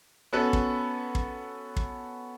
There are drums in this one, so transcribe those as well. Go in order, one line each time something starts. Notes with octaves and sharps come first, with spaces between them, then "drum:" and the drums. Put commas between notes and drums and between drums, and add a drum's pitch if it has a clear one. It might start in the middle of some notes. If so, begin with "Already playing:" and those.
B3 C#4 F#4 A4 B4
drum: kick
drum: kick
drum: kick